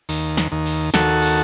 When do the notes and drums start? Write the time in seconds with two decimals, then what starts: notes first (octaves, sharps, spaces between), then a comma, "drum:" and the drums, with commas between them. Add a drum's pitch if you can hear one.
0.09 D#2, drum: cymbal
0.37 drum: snare
0.52 D#2
0.66 drum: cymbal
0.94 D#2 F#4 A4, drum: snare
1.22 drum: cymbal